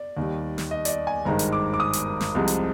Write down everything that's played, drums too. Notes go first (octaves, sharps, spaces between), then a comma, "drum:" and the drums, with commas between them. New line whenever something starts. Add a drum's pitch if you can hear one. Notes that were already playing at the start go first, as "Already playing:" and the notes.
Already playing: D5
D#2 D#3 G3
drum: snare
D#5
D5, drum: hi-hat
D#5
G#5
G#1 G2 D#3 G#3 A#5
drum: hi-hat
D6
D6
D#6
drum: hi-hat
drum: snare
C2 C3 F3 G#3
drum: hi-hat